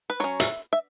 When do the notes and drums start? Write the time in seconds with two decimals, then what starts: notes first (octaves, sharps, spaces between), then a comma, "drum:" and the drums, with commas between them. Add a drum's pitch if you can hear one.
0.10 B4
0.20 F#3 C#4 C#5
0.40 E5, drum: hi-hat
0.73 E5